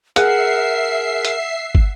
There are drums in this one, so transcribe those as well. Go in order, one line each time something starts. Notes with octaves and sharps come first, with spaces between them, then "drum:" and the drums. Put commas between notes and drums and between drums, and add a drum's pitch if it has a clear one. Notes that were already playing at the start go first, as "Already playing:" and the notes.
G#4 A#4 E5 F#5 C7, drum: hi-hat
drum: hi-hat
drum: kick